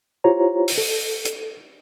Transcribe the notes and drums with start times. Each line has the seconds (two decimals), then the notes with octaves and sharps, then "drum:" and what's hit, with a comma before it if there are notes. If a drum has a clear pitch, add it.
0.24 E4 F4 G4 C5 C#5 A#5
0.68 drum: open hi-hat
0.78 A4
1.25 drum: hi-hat